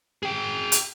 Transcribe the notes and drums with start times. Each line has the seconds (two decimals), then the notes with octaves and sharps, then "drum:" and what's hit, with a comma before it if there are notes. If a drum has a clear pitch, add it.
0.23 G#4 G5
0.72 drum: hi-hat